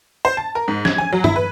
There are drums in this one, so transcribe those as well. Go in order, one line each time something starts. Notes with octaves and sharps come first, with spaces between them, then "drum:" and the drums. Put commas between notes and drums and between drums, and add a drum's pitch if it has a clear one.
C5
A5
A#4
G#2
G#6, drum: snare
G#5
F#3
E4, drum: tom G2
B4